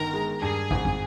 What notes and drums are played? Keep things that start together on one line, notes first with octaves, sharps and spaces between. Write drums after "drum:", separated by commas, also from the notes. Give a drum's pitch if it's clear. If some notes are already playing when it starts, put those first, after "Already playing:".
Already playing: G1 D#3 A#4 A#5
G#3
G2 G#4 G#5
G#1, drum: kick
drum: kick